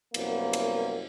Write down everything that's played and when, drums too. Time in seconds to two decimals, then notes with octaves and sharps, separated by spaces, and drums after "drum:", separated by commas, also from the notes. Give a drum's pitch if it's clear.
0.14 C2 F#2 A#3 B3, drum: cymbal
0.53 drum: cymbal